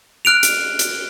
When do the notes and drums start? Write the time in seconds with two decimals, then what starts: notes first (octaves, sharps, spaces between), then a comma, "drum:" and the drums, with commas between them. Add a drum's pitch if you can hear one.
0.25 F6 F#6 D7 F7
0.43 drum: hi-hat
0.79 drum: hi-hat